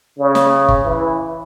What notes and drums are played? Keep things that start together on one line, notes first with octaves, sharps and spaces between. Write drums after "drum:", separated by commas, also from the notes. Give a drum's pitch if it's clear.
C#3
drum: snare
drum: kick G1
E3